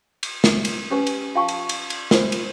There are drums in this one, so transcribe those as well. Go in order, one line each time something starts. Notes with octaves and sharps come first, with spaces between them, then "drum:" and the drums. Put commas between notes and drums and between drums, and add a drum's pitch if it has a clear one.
drum: cymbal
drum: snare
drum: cymbal
C#4 G4 B4 G#5
drum: cymbal
F4 F5 G5 A5 C#6
drum: cymbal
drum: cymbal
drum: cymbal
F4 C5, drum: snare
drum: cymbal